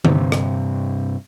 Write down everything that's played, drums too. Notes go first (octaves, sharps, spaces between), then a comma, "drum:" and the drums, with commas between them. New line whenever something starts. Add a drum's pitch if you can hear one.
G2 C3, drum: tom D3
drum: rim click